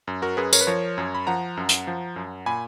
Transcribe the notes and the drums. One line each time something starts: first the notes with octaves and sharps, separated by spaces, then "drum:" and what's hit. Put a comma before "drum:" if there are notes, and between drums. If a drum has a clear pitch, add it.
F#2
F#4 A#4
F#2 G#4 B4
A#4 C#5, drum: tambourine
B4
F3 A#4 C#5
F#2
B5
F3 F#5 A#5
F#2
drum: hi-hat
F3
F#2
A#2 G#5 B5